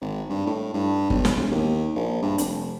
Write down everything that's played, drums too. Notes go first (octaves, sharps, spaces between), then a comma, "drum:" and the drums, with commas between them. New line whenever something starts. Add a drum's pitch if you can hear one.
G#1
G2
A2
G2
B1, drum: kick G1
drum: snare
E1
D#2
A#1
G2
F1, drum: hi-hat